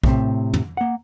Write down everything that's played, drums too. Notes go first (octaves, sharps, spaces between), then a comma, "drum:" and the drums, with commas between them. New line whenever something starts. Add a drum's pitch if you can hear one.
A2 C3, drum: kick A#1
drum: tom
A#3 F#5